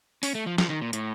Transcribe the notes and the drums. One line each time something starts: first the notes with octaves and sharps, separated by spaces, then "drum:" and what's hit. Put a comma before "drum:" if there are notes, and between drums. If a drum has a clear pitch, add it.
C#4, drum: open hi-hat
A3
F3
F3, drum: snare
D#3
A#2
A2, drum: hi-hat